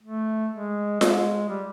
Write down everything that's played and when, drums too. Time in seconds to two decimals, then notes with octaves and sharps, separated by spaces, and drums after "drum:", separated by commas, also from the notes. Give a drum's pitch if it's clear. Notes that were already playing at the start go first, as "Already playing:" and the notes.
0.03 A3
0.52 G#3
1.01 G#3, drum: snare F4
1.49 G3